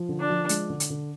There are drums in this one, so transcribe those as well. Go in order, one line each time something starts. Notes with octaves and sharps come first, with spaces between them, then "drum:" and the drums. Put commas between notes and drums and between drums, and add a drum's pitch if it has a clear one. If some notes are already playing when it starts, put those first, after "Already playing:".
Already playing: F3
D3
D4
F3
G#3, drum: hi-hat
D3
drum: hi-hat
D3